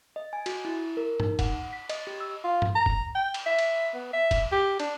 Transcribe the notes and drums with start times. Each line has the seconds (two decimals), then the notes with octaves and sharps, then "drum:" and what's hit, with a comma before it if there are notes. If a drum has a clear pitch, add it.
0.16 D#5
0.33 G#5
0.46 F#4, drum: cymbal
0.65 E4
0.97 A#4
1.20 D#4, drum: tom G2
1.39 F#5, drum: kick, cymbal
1.73 B6
1.90 D#5, drum: cymbal
2.07 G4
2.20 E6
2.44 F4
2.62 drum: tom G2
2.75 A#5
2.86 drum: kick
3.15 G5
3.34 drum: cymbal
3.46 E5
3.59 drum: cymbal
3.94 B3
4.13 E5
4.31 drum: kick, cymbal
4.52 G4
4.80 D4, drum: cymbal